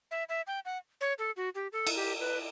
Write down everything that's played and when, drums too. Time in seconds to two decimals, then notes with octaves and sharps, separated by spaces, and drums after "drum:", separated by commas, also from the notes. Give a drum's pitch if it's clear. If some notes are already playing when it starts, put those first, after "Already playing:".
0.11 E5
0.29 E5
0.47 G5
0.65 F#5
1.01 C#5
1.18 A4
1.36 F#4
1.55 G4
1.72 A4
1.87 drum: cymbal
1.96 G4
2.20 B4